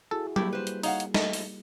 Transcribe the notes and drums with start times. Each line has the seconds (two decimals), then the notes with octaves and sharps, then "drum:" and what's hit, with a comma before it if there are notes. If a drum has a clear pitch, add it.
0.11 E4 F#4 G#4 A4
0.36 G3 A3 A#3 E4 G4, drum: tom F#3
0.53 B4 C5
0.67 drum: hi-hat
0.83 D#4 C#5 F5 F#5, drum: open hi-hat
1.00 drum: hi-hat
1.14 A3 D#5, drum: snare
1.33 drum: open hi-hat